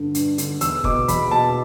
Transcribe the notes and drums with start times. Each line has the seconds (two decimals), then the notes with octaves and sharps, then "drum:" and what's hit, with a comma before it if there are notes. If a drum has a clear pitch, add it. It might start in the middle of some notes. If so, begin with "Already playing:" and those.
Already playing: G2 D3
0.15 G2, drum: hi-hat
0.38 D3, drum: hi-hat
0.61 E2 E6, drum: hi-hat
0.84 B2 D6, drum: kick F#1
1.08 E2 B5, drum: hi-hat
1.31 B2 A5